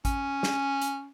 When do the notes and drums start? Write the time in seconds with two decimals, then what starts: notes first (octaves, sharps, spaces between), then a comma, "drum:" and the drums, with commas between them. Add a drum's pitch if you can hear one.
0.05 C#4, drum: kick A1, hi-hat
0.43 drum: snare
0.82 drum: hi-hat